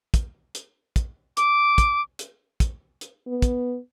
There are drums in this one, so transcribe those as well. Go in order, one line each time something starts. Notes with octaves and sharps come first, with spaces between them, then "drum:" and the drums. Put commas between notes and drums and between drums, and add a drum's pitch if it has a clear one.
drum: kick, hi-hat
drum: hi-hat
drum: kick, hi-hat
D6, drum: hi-hat
drum: kick, hi-hat
drum: hi-hat
drum: kick, hi-hat
drum: hi-hat
B3
drum: kick, hi-hat